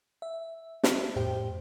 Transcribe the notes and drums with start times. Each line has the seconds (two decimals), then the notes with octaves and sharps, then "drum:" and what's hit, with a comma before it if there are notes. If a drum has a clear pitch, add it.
0.22 E5
0.83 E5, drum: snare
1.16 F2 A2 G4 C5 G5